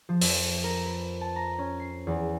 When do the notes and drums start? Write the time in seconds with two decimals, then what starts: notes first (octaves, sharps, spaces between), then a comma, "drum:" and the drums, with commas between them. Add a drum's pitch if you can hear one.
0.09 F3
0.21 F2, drum: open hi-hat
0.64 A#4
0.86 B4
1.21 A5
1.36 A#5
1.59 C#4
1.80 C7
2.07 E2